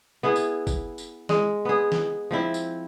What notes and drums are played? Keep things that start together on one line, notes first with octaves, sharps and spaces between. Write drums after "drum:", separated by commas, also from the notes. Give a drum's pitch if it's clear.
B3 E4 G#4
drum: tambourine
drum: kick G1, tambourine
drum: tambourine
G#3, drum: snare
B3 G#4
drum: snare
F3 C4 E4
drum: tambourine